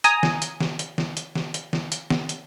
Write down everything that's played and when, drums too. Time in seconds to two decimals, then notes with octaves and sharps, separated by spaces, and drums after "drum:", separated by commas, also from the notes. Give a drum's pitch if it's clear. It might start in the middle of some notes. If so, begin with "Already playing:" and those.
0.04 G#5 A#5 D#6, drum: hi-hat
0.23 drum: snare
0.42 drum: hi-hat
0.60 drum: snare
0.79 drum: hi-hat
0.98 drum: snare
1.17 drum: hi-hat
1.35 drum: snare
1.54 drum: hi-hat
1.73 drum: snare
1.92 drum: hi-hat
2.10 drum: snare
2.29 drum: hi-hat